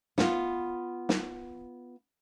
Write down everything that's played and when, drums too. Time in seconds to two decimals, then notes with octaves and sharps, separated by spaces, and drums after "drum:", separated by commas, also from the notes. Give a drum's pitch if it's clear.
0.18 B3 F4, drum: snare
1.09 drum: snare